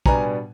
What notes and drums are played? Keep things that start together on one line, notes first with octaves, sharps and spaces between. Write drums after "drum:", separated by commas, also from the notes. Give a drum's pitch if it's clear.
B2 G3 B3 D4 G#5 A#5, drum: kick